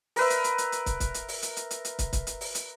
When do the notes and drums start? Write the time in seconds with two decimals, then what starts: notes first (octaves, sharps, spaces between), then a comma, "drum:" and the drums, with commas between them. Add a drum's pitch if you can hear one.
0.16 A#4 B4 E5, drum: open hi-hat
0.30 drum: hi-hat
0.44 drum: hi-hat
0.58 drum: hi-hat
0.72 drum: hi-hat
0.86 drum: kick, hi-hat
1.00 drum: kick, hi-hat
1.14 drum: hi-hat
1.28 drum: open hi-hat
1.42 drum: hi-hat
1.57 drum: hi-hat
1.71 drum: hi-hat
1.85 drum: hi-hat
1.99 drum: kick, hi-hat
2.13 drum: kick, hi-hat
2.27 drum: hi-hat
2.41 drum: open hi-hat
2.55 drum: hi-hat